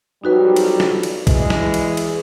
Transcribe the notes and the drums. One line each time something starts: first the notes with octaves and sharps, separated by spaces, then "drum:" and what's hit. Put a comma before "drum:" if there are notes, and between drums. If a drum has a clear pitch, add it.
F2 F#3 G3 D#4 F#4 B4
drum: cymbal
drum: snare
drum: cymbal
E3 G#3, drum: kick B1, cymbal
drum: snare
drum: cymbal
drum: cymbal